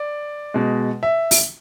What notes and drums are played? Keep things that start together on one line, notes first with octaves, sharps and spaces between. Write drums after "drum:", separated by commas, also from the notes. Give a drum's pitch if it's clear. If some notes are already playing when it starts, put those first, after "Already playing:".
Already playing: D5
B2 G#3
E5
drum: open hi-hat